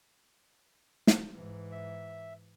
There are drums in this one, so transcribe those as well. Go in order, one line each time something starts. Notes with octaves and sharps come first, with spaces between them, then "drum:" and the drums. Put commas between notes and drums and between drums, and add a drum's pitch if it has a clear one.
drum: snare
G#2 E3
E5